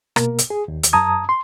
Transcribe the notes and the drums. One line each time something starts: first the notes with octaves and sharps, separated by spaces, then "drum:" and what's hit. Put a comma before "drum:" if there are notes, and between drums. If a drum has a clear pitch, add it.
B2 A#3 A#4, drum: rim click
drum: hi-hat
G#4
D#2
drum: hi-hat
F#2 A5 A#5 D#6 G#6
C6